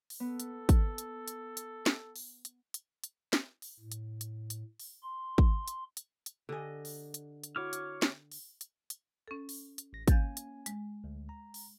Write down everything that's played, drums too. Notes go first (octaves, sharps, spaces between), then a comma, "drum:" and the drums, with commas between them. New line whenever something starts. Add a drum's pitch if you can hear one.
drum: open hi-hat
B3 A4
drum: hi-hat
drum: kick, hi-hat
drum: hi-hat
drum: hi-hat
drum: hi-hat
drum: snare
drum: open hi-hat
drum: hi-hat
drum: hi-hat
drum: hi-hat
drum: snare
drum: open hi-hat
A2
drum: hi-hat
drum: hi-hat
drum: hi-hat
drum: open hi-hat
C6
drum: kick
drum: hi-hat
drum: hi-hat
drum: hi-hat
D3 G4 D#5 G#5
drum: open hi-hat
drum: hi-hat
drum: hi-hat
E4 F#4 C#5 D6 F6
drum: hi-hat
drum: snare
drum: open hi-hat
drum: hi-hat
drum: hi-hat
C#4 A4
drum: open hi-hat
drum: hi-hat
A1 A#6
A#3 C#4 F5 G#5 G6 A6, drum: kick, hi-hat
drum: hi-hat
G#3, drum: hi-hat
D2
A#5
drum: open hi-hat